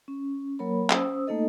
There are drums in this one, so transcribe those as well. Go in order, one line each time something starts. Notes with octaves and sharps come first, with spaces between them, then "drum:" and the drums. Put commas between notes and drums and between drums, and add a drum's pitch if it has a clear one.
C#4
F#3 A#3 A#4 C#5 B5
C#4 C5 D#6 E6, drum: clap
A3 A#3 D#4 A4 D#5